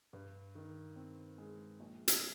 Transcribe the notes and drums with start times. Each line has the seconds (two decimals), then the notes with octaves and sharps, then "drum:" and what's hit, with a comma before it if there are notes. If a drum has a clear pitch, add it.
0.13 G2
0.55 D#3
0.96 C4
1.38 G#3
1.80 A#1
2.08 drum: hi-hat